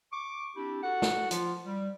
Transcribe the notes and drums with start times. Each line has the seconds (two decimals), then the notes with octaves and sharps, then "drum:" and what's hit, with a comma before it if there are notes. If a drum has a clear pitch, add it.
0.12 C#6 D6
0.56 C4 D4 E4 G4
0.83 F#4 A4 F#5
1.02 drum: snare
1.31 F3 F4, drum: hi-hat
1.65 G3